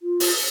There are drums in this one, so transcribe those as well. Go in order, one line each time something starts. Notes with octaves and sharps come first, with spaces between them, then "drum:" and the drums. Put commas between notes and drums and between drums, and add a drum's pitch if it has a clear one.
F4
drum: open hi-hat